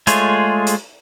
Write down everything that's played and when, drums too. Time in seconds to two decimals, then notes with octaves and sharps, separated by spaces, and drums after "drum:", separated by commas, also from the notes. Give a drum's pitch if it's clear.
0.07 G#3 A3 F4 G#4 C#5, drum: hi-hat
0.67 drum: hi-hat